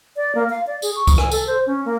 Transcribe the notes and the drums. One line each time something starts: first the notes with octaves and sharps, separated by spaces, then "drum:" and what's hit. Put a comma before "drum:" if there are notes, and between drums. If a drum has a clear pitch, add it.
D5
A#3
F5
D5
G#4, drum: tambourine
C#6
drum: kick C#2, tambourine
G#5, drum: rim click
A4, drum: tambourine
C5
C#4
A#3